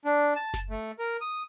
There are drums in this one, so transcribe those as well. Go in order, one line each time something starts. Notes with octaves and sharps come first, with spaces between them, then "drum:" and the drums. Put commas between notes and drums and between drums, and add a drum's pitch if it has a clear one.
D4
A5
drum: snare F#1
A3
A#4
D#6